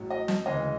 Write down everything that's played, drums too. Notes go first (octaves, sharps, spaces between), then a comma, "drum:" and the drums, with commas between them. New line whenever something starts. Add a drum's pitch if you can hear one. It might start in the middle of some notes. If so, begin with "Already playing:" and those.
Already playing: A1 A2 F#3
D#5
drum: snare
D2 C#3 E3 G#3 D#5